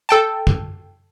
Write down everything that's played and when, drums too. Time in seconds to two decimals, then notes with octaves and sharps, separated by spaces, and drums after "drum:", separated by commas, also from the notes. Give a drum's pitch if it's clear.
0.09 A4 G5 A5
0.47 drum: kick